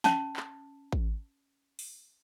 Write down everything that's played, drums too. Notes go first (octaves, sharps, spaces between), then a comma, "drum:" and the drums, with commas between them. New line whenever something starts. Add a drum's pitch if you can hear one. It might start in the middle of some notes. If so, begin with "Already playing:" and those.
C#4 A5, drum: snare
drum: clap
drum: kick A1
drum: open hi-hat